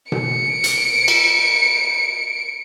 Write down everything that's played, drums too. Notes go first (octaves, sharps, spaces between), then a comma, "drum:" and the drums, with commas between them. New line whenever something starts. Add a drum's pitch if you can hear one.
C#7 D7, drum: tom B2
drum: hi-hat
drum: cymbal